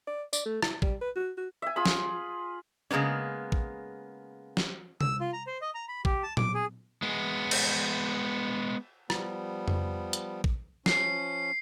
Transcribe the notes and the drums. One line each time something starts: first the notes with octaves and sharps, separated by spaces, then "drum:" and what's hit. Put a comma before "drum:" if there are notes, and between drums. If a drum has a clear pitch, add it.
D5
D5, drum: tambourine
A3
E4, drum: rim click
G3, drum: kick
B4
F#4
F#4
E5 G#5
F4 G#4 B5
drum: snare
C#3 G#3 A#3 B3 C#4
drum: kick
drum: snare
E6, drum: tom C3
F4
A#5
C5
D#5
A#5
B5
G4, drum: kick
A5
D6, drum: tom A#2
G#4
G#3 B3
drum: cymbal
F3 G3 B3, drum: rim click
drum: tom F2
drum: hi-hat
drum: kick
F3 C#4 C7, drum: snare